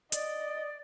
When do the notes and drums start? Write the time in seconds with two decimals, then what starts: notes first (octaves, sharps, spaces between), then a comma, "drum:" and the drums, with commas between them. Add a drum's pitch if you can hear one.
0.12 D5 D#5, drum: hi-hat